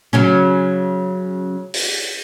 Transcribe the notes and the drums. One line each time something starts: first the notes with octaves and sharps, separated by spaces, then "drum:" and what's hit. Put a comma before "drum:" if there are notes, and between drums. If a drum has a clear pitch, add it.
C#3 F#3 C#4
drum: open hi-hat